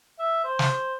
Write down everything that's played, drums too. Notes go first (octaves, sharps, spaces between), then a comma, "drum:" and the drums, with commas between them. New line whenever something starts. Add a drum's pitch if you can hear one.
E5
C5
drum: snare